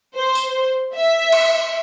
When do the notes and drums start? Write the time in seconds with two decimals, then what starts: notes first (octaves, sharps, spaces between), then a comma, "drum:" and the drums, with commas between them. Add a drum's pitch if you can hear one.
0.15 C5
0.35 drum: tambourine
0.94 E5
1.32 drum: cymbal